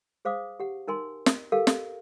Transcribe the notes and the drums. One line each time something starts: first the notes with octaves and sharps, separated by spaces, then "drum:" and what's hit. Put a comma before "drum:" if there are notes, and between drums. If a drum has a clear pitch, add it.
G#4 C5 F5 D6 D#6
G4 F#5
D#4 A#4 G#5 C6
drum: snare
G4 A4 A#4 F5
drum: snare